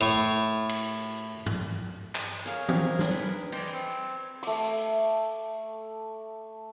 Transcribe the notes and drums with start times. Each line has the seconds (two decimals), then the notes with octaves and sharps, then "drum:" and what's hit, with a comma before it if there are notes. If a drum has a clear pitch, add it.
0.01 A2 C#6
0.69 drum: cymbal
1.46 drum: tom G2
2.15 drum: clap
2.46 G#4 A#4 C#5 F5, drum: hi-hat
2.69 C4, drum: tom E3
2.99 drum: snare
3.11 B4
3.52 C5 D5 D#5 G5, drum: cymbal
3.73 C4
4.43 A3 D6, drum: open hi-hat